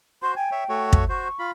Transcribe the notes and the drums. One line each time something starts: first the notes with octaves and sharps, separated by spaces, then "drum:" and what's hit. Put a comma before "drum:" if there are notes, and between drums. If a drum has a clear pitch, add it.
F#4 C5 C6
G5 G#5
C#5 E5
A3 F#4 C#5
drum: kick
F#4 C5 C#6
F4 B5